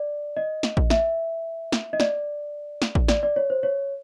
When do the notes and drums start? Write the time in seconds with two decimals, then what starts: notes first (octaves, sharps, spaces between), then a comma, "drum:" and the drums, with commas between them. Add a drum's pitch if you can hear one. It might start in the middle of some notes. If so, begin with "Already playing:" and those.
Already playing: D5
0.37 D#5
0.63 drum: snare
0.77 drum: kick A1
0.90 E5, drum: snare
1.72 drum: snare
1.93 D#5
2.00 D5, drum: snare
2.82 drum: snare
2.95 drum: kick A1
3.08 D5, drum: snare
3.23 D5
3.36 C#5
3.50 C5
3.63 C#5